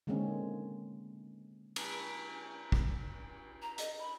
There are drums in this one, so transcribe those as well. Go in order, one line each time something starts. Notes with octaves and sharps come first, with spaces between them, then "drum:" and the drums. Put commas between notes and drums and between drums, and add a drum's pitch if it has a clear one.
D3 D#3 G#3 A#3 C4 C#4
drum: cymbal
drum: kick
A#5
D#5, drum: hi-hat
B5